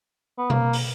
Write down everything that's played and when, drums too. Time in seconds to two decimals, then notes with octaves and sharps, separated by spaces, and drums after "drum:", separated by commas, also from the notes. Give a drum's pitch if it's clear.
0.38 B3
0.50 A#3, drum: tom B2
0.73 drum: open hi-hat